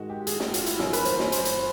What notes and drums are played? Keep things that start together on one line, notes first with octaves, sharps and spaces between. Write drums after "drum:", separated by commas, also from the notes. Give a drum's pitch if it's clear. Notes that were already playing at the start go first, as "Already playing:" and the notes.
Already playing: G#2 D#3 G#3 F#4
G4
G#4, drum: hi-hat
F#4, drum: snare
F4, drum: hi-hat
E4, drum: hi-hat
F#2 D#3 F#3 F4, drum: snare
B4, drum: hi-hat
C5, drum: hi-hat
C#5, drum: snare
C5, drum: hi-hat
drum: hi-hat